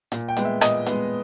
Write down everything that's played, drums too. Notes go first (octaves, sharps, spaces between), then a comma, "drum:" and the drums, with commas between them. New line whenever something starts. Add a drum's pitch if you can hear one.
A#2, drum: hi-hat
G5
G#3 B3, drum: hi-hat
E5
A#2 D#5, drum: rim click
G#3 B3, drum: hi-hat